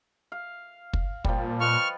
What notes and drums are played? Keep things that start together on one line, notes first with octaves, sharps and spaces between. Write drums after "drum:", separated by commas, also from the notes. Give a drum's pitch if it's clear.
F5
drum: kick
A#2 F3 G3, drum: kick
F4 B4 D#5 C#6 F6